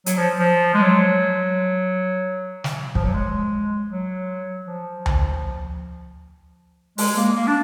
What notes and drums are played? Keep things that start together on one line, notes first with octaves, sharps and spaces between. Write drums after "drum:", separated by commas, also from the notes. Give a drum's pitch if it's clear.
F#3, drum: hi-hat
F3
F3
G#3
F#3
drum: snare
F3, drum: kick
F#3
G#3
F#3
F3
drum: tom D2
G#3, drum: open hi-hat
A#3
A#3
D4